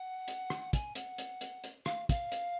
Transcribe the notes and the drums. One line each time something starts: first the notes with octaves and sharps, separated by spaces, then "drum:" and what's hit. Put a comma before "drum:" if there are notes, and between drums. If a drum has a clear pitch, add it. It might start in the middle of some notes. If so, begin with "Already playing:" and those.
Already playing: F#5
drum: hi-hat
drum: rim click
G#5, drum: kick, hi-hat
F#5, drum: hi-hat
drum: hi-hat
drum: hi-hat
drum: hi-hat
F5, drum: rim click
F5, drum: kick, hi-hat
drum: hi-hat